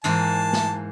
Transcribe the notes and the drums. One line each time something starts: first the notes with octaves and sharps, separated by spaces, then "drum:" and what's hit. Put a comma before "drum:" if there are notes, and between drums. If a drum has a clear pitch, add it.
G#2 E3 A#3 A5
drum: snare